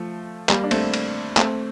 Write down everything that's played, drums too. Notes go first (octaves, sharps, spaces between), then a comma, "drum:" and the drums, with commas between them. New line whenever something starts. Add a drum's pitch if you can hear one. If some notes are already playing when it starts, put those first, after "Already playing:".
Already playing: F3 A3
G3 A#3, drum: clap
D4
A3 C4, drum: cymbal
drum: cymbal
A3 C4, drum: clap